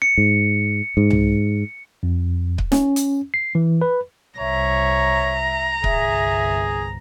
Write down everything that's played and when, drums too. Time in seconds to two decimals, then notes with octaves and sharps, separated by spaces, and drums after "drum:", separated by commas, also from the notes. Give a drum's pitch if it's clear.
0.02 C#7
0.18 G#2
0.97 G#2
1.10 drum: tom C2
2.03 F2
2.58 drum: kick C#1
2.72 C#4, drum: snare
2.96 drum: hi-hat
3.34 C7
3.55 E3
3.81 B4
4.39 C2 C#5 E5 A#5
5.84 G1 C2 G#4 E5, drum: kick C#1